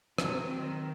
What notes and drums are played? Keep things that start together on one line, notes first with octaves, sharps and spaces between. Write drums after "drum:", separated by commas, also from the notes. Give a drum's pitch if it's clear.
F#3 C4, drum: rim click
D#3